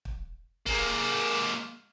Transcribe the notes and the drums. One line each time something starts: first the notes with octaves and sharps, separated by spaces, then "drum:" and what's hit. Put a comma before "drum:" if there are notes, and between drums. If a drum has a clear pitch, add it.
drum: kick
G#3 A#3, drum: kick